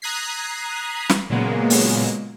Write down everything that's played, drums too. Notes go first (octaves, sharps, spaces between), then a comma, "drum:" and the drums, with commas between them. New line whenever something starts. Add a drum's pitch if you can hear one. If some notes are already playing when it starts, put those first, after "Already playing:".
A#5 D#6 F#6 G#6 B6 C7
drum: snare
A#2 C#3 F#3 G#3 A#3 B3
drum: open hi-hat